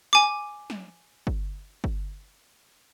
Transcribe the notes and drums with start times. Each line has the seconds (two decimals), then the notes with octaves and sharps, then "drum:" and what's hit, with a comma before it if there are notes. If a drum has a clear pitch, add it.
0.13 G#5 D6
0.70 drum: snare
1.27 drum: kick G1
1.84 drum: kick G1